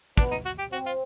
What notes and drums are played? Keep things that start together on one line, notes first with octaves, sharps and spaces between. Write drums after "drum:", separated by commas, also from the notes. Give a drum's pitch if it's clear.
B3 D4, drum: kick, hi-hat
D#4
F#4
G4
C4 F#4
F4